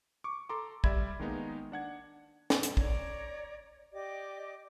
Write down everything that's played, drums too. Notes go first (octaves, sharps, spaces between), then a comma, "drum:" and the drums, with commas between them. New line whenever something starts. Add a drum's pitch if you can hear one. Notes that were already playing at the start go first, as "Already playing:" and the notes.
C#6 D6
A4 A#5 C6 D6
G3 D5 E5 B5 G#6, drum: kick
D#3 G#3 A#3 B3 D#4
D4 F#5 G#6
drum: snare
drum: hi-hat
C#5 D5 A#5, drum: kick
G4 D5 D#5 D6